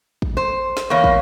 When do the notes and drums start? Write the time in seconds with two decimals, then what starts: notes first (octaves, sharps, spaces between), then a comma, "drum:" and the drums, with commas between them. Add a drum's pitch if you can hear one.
0.22 drum: kick
0.37 C5
0.77 drum: snare
0.90 E2 A#3 C#5 F5 C#6
1.04 drum: kick